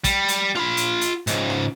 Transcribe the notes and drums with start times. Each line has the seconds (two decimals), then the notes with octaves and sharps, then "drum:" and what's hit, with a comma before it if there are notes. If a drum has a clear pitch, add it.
0.04 G3, drum: kick, hi-hat
0.28 drum: hi-hat
0.55 F4 B5, drum: rim click
0.77 drum: hi-hat
1.01 drum: hi-hat
1.27 C#2 G#2, drum: hi-hat
1.50 drum: rim click